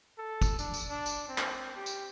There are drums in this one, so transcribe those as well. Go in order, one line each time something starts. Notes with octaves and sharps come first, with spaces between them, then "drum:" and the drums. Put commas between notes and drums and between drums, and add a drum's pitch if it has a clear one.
A4
drum: kick, tambourine
D4, drum: tambourine
drum: tambourine
D4
drum: tambourine
C4
drum: clap
G4
drum: tambourine